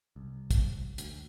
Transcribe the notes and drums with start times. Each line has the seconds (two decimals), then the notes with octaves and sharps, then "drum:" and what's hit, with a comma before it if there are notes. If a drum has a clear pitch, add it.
0.16 C2
0.51 drum: kick, hi-hat
0.98 D2, drum: hi-hat